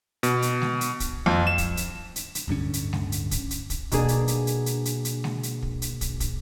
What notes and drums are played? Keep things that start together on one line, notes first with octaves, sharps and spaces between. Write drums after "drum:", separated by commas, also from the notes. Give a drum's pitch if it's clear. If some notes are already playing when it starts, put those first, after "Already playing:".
B2, drum: hi-hat
drum: hi-hat
drum: snare G#3
drum: hi-hat
drum: kick, hi-hat
F2
E7
drum: kick, hi-hat
drum: hi-hat
drum: hi-hat
drum: hi-hat
D1 G2 D3 C#4
drum: hi-hat
drum: snare G#3
drum: hi-hat
drum: kick, hi-hat
drum: hi-hat
drum: kick, hi-hat
B2 A#3 D4 G#4, drum: kick, hi-hat
drum: hi-hat
drum: hi-hat
drum: hi-hat
drum: hi-hat
drum: hi-hat
drum: hi-hat
drum: snare G#3
drum: hi-hat
drum: kick
drum: hi-hat
drum: kick, hi-hat
drum: kick, hi-hat